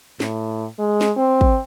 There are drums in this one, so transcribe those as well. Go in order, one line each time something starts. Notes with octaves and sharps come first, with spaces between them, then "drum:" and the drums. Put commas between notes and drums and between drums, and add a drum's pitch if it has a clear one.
A2, drum: snare
G#3
drum: snare
C4
drum: kick